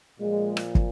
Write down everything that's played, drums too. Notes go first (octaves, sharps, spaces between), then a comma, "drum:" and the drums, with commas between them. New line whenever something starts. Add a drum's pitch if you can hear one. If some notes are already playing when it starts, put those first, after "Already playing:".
A#2 F3 G#3
drum: rim click
drum: kick